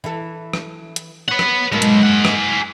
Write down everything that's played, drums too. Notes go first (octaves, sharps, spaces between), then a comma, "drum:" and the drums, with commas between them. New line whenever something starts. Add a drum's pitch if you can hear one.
E3 E4 A4
drum: rim click
drum: hi-hat
B4 C#5 F#5
drum: rim click
G#2 F#3 G#3 A#3 B3
drum: hi-hat
G#4 F#5
drum: rim click